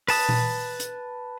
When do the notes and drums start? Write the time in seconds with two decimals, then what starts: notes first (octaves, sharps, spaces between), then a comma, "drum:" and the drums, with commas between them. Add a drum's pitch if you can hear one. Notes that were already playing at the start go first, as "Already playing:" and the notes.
0.08 B4 A5 D#6, drum: open hi-hat
0.29 drum: tom A#2
0.80 drum: hi-hat